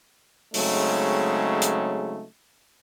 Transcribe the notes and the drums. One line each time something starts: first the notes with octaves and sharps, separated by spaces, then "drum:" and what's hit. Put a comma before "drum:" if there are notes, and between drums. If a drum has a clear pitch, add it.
C#3 F#3 G#3 A3 C4 D#4, drum: open hi-hat
drum: hi-hat